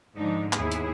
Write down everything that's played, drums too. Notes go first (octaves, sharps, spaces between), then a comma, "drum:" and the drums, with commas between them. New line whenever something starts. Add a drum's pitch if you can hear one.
G#2 D3 F3 D4 D#4
D#2 B3 E4 G#4, drum: clap
drum: hi-hat